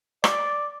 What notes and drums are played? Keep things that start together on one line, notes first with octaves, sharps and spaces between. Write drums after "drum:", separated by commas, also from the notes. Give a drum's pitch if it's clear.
D5, drum: rim click